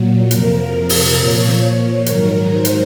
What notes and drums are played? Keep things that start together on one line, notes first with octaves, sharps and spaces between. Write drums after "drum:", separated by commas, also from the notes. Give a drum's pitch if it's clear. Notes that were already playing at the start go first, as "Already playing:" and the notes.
Already playing: A#2 F#3
F2 C3 F3 A#4, drum: hi-hat
A#4
drum: open hi-hat
A#2 F3 C#5
drum: snare
G#2 D#3 F#3 A#4, drum: hi-hat
C5
drum: hi-hat